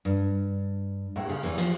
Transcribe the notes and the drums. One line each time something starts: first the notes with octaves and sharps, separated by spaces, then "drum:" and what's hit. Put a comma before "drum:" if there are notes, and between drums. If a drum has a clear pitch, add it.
G2
A2, drum: cymbal
C#3
E2 E3
F3, drum: hi-hat